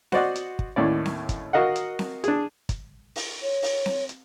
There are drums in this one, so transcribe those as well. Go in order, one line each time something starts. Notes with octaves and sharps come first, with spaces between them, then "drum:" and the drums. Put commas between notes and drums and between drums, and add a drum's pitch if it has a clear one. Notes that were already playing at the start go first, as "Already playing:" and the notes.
F#4 C5 D5 D#5 F#5, drum: snare C4
drum: hi-hat
drum: kick
D#2 A2 C#4 D5
drum: snare C4
drum: kick, hi-hat
F#4 A#4 D#5 F5 F#5
drum: hi-hat
drum: snare C4
D4 G#4, drum: hi-hat
drum: kick, hi-hat
drum: open hi-hat
C#5
drum: open hi-hat
drum: snare C4
drum: hi-hat